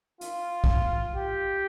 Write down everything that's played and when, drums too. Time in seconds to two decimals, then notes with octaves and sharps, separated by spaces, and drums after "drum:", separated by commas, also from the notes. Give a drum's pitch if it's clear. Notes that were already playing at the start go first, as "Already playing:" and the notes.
0.21 F4, drum: hi-hat
0.64 drum: kick
1.15 G4